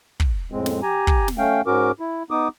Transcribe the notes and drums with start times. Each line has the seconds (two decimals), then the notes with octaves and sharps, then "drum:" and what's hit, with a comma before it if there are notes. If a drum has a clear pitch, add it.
0.20 drum: kick
0.52 F2 A2 G#3 C4
0.66 drum: snare
0.82 G4 G#5 A#5
1.07 drum: kick
1.28 drum: snare
1.38 A3 C#4 F5 G5
1.66 G#2 C#4 F#4 A#4 D6
2.00 E4
2.31 B3 D#4 D6 D#6